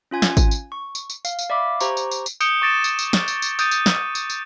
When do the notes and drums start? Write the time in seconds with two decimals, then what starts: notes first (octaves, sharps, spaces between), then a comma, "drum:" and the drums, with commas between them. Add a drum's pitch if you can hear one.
0.11 C#4 F4 G#5 G#6
0.22 drum: snare
0.37 drum: kick G#1, tambourine
0.51 drum: tambourine
0.72 C#6
0.95 drum: tambourine
1.10 drum: tambourine
1.25 F5, drum: tambourine
1.39 drum: tambourine
1.50 D5 E5 F5 B5 D6
1.80 G4 C5 A#5 C#6, drum: tambourine
1.97 drum: tambourine
2.11 drum: tambourine
2.26 drum: tambourine
2.40 D#6 G6 C#7 D7 E7 G7, drum: tambourine
2.62 C#6 D6 A6 A#6 D7 E7
2.84 drum: tambourine
2.99 drum: tambourine
3.13 drum: snare
3.28 drum: tambourine
3.42 drum: tambourine
3.59 D#6 G6 A6 D7 D#7, drum: tambourine
3.71 drum: tambourine
3.86 drum: snare
4.15 drum: tambourine
4.30 drum: tambourine